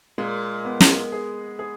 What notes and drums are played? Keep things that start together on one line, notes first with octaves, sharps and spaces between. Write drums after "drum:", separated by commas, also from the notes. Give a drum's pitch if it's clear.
A#2 G#3
B3
drum: snare
G#4
G#4